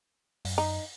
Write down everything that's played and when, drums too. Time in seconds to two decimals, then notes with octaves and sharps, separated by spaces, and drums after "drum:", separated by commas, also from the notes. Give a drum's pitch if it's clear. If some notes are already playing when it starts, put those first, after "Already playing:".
0.45 F#2, drum: open hi-hat
0.58 D#4